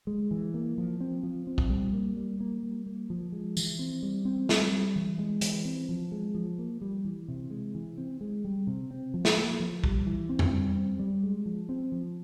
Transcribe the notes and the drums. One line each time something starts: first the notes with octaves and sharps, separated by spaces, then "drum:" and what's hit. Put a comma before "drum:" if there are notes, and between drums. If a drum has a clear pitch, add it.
G#3
E3
A#3
F3
C4
F3
C4
drum: kick
G3
A#3
G3
A#3
G3
A#3
F3
G#3
E3, drum: tambourine
C4
G3
C4
G3, drum: snare
G3
E3
G#3
E3, drum: hi-hat
C4
F3
G#3
F3
A#3
G3
E3
C3
G#3
E3
C4
G#3
G3
C3
C4
F3
drum: snare
A#3
F3
G3, drum: kick
E3
C4
drum: tom E2
G3
C4
G3
G#3
F3
C4
F3